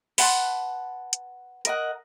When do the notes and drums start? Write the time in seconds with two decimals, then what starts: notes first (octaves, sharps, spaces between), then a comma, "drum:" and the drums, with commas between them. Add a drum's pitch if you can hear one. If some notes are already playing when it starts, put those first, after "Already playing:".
0.18 B4 F#5 A5 C6, drum: open hi-hat
1.13 drum: hi-hat
1.65 A#4 D#5 F#5, drum: hi-hat